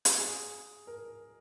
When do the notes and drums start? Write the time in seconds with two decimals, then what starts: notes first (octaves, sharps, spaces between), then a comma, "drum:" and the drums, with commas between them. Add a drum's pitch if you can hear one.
0.05 drum: hi-hat
0.18 G#4
0.87 A#4